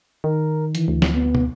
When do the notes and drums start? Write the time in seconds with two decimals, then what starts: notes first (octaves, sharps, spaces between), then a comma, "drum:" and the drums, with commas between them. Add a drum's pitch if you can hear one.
0.24 D#3 A#4
0.75 E3, drum: hi-hat
0.88 D2
1.02 drum: snare
1.14 B3
1.35 drum: tom